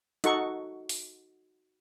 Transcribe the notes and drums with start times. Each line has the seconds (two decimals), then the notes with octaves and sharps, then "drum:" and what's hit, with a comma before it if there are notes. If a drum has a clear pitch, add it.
0.24 D#4 F#4 A4 F#5 C#6, drum: hi-hat
0.89 drum: open hi-hat